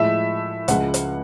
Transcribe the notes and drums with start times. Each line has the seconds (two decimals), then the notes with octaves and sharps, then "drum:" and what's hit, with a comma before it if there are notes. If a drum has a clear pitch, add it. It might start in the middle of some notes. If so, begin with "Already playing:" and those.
Already playing: A2 F3 G#3 E5
0.68 C#2 C#3 F3 G#3 F#5, drum: hi-hat
0.94 drum: hi-hat